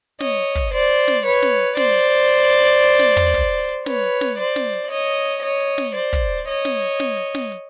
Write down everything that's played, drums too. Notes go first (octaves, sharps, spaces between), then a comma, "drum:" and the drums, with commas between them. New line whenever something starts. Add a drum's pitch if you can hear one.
C#5 D#5, drum: snare
drum: kick, hi-hat
C5 D5, drum: hi-hat
drum: hi-hat
drum: snare
B4 C#5, drum: hi-hat
drum: snare
drum: hi-hat
C5 D5, drum: snare
drum: hi-hat
drum: hi-hat
drum: hi-hat
drum: hi-hat
drum: hi-hat
drum: hi-hat
drum: snare
drum: tom
drum: kick, hi-hat
drum: hi-hat
drum: hi-hat
B4 C#5, drum: snare
drum: hi-hat
drum: snare
C5 D5, drum: hi-hat
drum: snare
drum: hi-hat
C#5 D#5, drum: hi-hat
drum: hi-hat
C#5 D#5, drum: hi-hat
drum: hi-hat
drum: snare
C5 D5
drum: kick
C#5 D#5, drum: hi-hat
drum: snare
drum: hi-hat
drum: snare
drum: hi-hat
drum: snare
drum: hi-hat